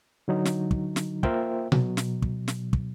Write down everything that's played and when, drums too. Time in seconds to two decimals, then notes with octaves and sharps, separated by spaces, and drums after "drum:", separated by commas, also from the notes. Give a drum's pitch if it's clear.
0.28 D3 F#3 D#4
0.45 drum: snare
0.71 drum: kick
0.96 drum: snare
1.23 A#3 F4 A#4 C5 E5 G5, drum: kick
1.72 B2 F#3, drum: tom B2
1.97 drum: snare
2.22 drum: kick
2.48 drum: snare
2.73 drum: kick